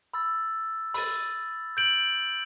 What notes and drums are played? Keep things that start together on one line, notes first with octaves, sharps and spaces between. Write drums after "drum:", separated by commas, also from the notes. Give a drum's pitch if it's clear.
B5 E6 A6
B5 E6 A6, drum: open hi-hat
G6 D7 F#7